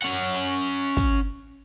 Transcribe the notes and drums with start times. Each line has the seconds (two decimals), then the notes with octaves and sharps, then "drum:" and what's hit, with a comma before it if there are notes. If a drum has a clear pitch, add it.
0.03 C#4 F#5
0.34 drum: hi-hat
0.97 drum: kick, hi-hat